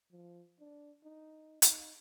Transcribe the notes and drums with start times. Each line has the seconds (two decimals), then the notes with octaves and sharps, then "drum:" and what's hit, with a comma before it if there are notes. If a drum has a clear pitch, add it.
0.11 F3
0.60 D4
1.03 D#4
1.62 D#4, drum: hi-hat